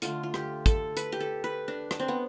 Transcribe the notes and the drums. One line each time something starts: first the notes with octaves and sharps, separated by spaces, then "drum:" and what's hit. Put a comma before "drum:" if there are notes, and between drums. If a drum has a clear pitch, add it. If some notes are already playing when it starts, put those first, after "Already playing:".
D3 A3 F4, drum: hi-hat
F4
G4, drum: rim click
A4, drum: kick, hi-hat
B4, drum: hi-hat
G4
A4
B4
D4
D4, drum: rim click
C4
B3